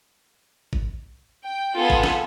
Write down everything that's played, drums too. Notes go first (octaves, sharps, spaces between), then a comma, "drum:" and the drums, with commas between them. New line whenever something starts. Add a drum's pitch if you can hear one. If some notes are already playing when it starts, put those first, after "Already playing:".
drum: kick
G5
B3 F4 G#4 A4 G#5
drum: kick
drum: snare